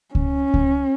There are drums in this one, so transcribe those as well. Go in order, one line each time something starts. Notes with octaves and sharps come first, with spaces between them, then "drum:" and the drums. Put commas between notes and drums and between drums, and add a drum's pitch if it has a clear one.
C#4, drum: kick C#2
drum: kick C#2